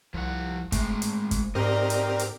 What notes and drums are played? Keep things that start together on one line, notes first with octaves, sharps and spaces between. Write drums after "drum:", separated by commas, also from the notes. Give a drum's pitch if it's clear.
C2 F3 F#5
G#3 A3 C4, drum: kick G1, hi-hat
drum: hi-hat
drum: kick G1, hi-hat
G#2 C4 G4 A#4 C5 D5 D#5
drum: hi-hat
drum: hi-hat